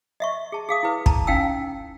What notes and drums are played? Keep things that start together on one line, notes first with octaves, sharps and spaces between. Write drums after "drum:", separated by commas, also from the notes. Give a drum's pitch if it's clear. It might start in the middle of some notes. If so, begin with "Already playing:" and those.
D#5 E5 C#6
G#4 A5
G#4 F5 D#6
E4 B4
A5 A#5, drum: kick
C#4 D#4 F5 G5 G#5 E6